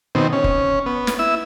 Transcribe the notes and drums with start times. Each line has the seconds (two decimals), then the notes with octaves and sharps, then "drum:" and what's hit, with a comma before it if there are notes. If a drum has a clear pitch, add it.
0.15 B2 D#3 C4
0.33 C#4
0.44 drum: kick
0.86 B3
1.07 drum: snare
1.19 E4 E6